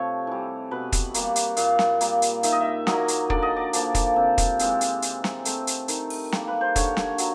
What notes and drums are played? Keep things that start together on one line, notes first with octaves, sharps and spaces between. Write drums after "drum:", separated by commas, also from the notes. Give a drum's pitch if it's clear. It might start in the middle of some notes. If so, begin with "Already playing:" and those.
Already playing: C3 F3 A3 C#5
E3 G3
B2 B4
drum: kick, hi-hat
G3 A#3, drum: hi-hat
drum: hi-hat
A#2 F5, drum: hi-hat
drum: snare
G3 A#3, drum: hi-hat
drum: hi-hat
D#3 E5, drum: hi-hat
D#5
E5
F#3 A#3 D#5, drum: snare
drum: hi-hat
D3 D5, drum: kick
D#5
D5
F3 A#3, drum: hi-hat
drum: kick, hi-hat
C3
drum: kick, hi-hat
E3 G#3 C4, drum: hi-hat
drum: hi-hat
E3, drum: hi-hat
drum: snare
A3 C4, drum: hi-hat
drum: hi-hat
D#3, drum: hi-hat
drum: open hi-hat
G3 A#3, drum: snare
B4
C5
D3 C#5, drum: kick, hi-hat
drum: snare
F#3, drum: hi-hat